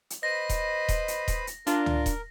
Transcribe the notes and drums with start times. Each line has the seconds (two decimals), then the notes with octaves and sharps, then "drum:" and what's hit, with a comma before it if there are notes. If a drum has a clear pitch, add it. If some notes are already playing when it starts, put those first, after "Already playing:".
0.10 drum: hi-hat
0.23 B4 C5 D#5 B5 A#6
0.49 drum: kick D#1, hi-hat
0.89 drum: kick D#1, hi-hat
1.08 drum: hi-hat
1.28 drum: kick D#1, hi-hat
1.47 drum: hi-hat
1.67 D4 F4 A#4, drum: hi-hat
1.86 drum: tom
2.06 drum: kick D#1, hi-hat